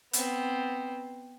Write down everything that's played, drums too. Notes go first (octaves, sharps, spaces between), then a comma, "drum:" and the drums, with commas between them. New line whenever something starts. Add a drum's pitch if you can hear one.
B3 C4, drum: hi-hat